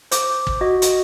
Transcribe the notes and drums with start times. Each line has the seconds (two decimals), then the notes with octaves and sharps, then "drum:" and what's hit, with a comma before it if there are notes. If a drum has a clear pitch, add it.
0.11 C5 D6, drum: hi-hat
0.47 drum: kick
0.61 F#4 D#5
0.82 drum: hi-hat